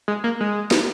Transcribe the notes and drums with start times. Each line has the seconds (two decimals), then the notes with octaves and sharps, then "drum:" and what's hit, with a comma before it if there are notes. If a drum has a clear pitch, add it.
0.08 G#3
0.24 A#3
0.40 G#3
0.71 drum: snare